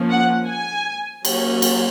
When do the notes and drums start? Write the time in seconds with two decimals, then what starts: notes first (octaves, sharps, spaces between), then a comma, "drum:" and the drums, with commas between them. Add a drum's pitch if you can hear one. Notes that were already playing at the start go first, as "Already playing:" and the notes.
Already playing: F3 A#3 C#4
0.10 F#5
0.49 G#5
1.25 F#3 A#3 C#4, drum: cymbal
1.62 drum: cymbal